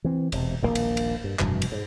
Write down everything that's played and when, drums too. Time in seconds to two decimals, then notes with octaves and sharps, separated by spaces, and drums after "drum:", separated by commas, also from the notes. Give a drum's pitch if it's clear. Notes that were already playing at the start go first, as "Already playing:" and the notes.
0.04 E3 C4
0.32 E1 C3, drum: cymbal
0.62 D#1 A#1 B2 A#3
0.75 drum: cymbal
0.97 drum: cymbal
1.24 G2
1.39 F1 G2 B2 E3, drum: clap
1.62 drum: cymbal
1.72 G#2